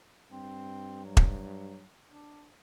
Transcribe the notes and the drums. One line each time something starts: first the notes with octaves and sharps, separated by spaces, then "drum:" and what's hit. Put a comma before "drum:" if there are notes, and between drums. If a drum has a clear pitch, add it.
G2 C4
F#3
drum: kick E1
D4